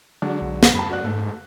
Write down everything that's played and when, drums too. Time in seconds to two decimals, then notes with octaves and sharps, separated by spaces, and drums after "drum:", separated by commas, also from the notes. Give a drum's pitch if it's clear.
0.22 D3 F#3 G#3 D4
0.42 B1
0.63 drum: snare
0.75 F#2 A5 B5
0.89 F#4 D5 F#6
1.04 G#2 A3